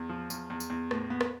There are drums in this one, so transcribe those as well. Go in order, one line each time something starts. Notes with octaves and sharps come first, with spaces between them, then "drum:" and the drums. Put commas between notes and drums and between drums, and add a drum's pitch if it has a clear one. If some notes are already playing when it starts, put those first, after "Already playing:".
Already playing: E2
F3
E2, drum: tambourine
E2
drum: tambourine
E2
A2, drum: rim click
B3
drum: rim click